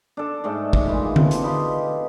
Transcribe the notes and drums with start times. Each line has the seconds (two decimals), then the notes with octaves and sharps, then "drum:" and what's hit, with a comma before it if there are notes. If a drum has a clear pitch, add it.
0.17 D4 A4
0.44 G#2 A3 A4 D5
0.73 drum: kick
0.86 A#2 E3 G#3
1.16 C4 A4, drum: tom D3
1.31 drum: hi-hat
1.43 F4 G4 B4 D#5